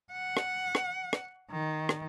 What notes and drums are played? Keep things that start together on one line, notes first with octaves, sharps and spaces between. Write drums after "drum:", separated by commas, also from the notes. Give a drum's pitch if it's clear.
F#5
drum: rim click
drum: rim click
drum: rim click
D#3
drum: rim click